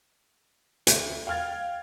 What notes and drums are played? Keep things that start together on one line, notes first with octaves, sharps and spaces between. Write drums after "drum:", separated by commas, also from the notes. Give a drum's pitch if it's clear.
D2, drum: hi-hat
F5 G5 F6 G#6 A6